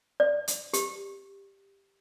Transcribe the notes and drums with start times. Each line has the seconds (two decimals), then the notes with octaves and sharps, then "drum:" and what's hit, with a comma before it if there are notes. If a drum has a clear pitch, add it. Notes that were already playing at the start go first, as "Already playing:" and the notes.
0.20 D5
0.48 drum: hi-hat
0.73 G4, drum: hi-hat